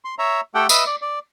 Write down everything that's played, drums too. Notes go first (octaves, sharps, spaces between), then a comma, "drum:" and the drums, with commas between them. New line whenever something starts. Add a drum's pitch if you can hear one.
C6
C#5 E5 A#5
A3 G4 A4 F#5 G5
B4 D#5 E5, drum: tambourine
D5
D5